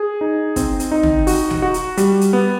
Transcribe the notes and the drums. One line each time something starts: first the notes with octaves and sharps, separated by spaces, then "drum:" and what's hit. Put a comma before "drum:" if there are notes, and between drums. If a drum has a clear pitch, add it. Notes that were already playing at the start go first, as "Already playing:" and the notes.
Already playing: G#4
D#4
C4, drum: kick, hi-hat
drum: hi-hat
D#4
drum: tom
F#4, drum: open hi-hat
drum: snare
F#4
drum: hi-hat
G3, drum: hi-hat
drum: hi-hat
B3